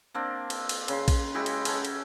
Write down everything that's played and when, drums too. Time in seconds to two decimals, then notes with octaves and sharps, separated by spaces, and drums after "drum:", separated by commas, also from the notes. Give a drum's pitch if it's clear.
0.14 A#3 C4 D4
0.50 drum: cymbal
0.69 drum: cymbal
0.88 C#3 C6, drum: cymbal
1.08 drum: kick A#1, cymbal
1.34 G#3 E4 F#4 G4
1.46 drum: cymbal
1.65 C#4 A4 C#5, drum: cymbal
1.85 drum: cymbal